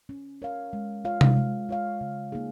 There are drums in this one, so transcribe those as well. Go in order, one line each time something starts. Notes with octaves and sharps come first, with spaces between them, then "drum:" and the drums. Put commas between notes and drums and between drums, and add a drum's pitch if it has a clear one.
C#4
A#4 C#5 F5
G#3
F4 C#5 F5
drum: tom C3
G#3
F4 C#5 F5
C#3
A#3 D#4 G#4